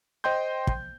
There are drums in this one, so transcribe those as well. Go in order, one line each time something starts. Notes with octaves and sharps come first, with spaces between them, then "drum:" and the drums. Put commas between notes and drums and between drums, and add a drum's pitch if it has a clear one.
C5 D#5 G5 C6 G6
drum: kick